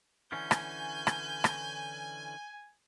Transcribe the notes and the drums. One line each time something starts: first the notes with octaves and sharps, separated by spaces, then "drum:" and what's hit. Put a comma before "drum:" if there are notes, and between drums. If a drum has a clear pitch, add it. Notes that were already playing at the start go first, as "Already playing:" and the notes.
D3 E3 C#4 G#5 G6
drum: rim click
drum: rim click
drum: rim click